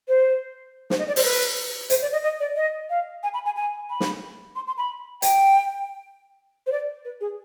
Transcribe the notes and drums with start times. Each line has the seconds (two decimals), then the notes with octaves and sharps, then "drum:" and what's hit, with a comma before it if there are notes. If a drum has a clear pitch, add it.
0.08 C5
0.90 C5, drum: snare
0.99 D#5
1.08 D5
1.16 C5, drum: open hi-hat
1.24 B4
1.90 C5, drum: hi-hat
2.02 D5
2.13 D#5
2.23 D#5
2.40 D5
2.56 D#5
2.90 F5
3.23 G#5
3.34 B5
3.46 G#5
3.56 G#5
3.90 B5
4.00 drum: snare
4.56 C6
4.67 C6
4.78 B5
5.22 G5, drum: hi-hat
6.67 C5
6.72 D5
7.05 B4
7.21 G#4